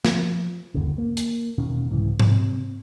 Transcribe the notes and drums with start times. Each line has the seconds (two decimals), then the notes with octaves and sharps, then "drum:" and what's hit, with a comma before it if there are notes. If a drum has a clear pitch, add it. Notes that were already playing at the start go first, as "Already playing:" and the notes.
0.05 F3, drum: snare
0.74 G1 D#2 C#3
0.98 A#3
1.17 drum: hi-hat
1.58 E1 B2 D#3 C#4
1.90 C2 G#2 C#3 E3
2.20 C3, drum: tom G#2